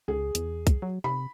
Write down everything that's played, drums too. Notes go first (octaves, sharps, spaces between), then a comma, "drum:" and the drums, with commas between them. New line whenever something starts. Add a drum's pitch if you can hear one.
C#2 G#4
E2, drum: hi-hat
drum: kick, hi-hat
F#3
C3 B5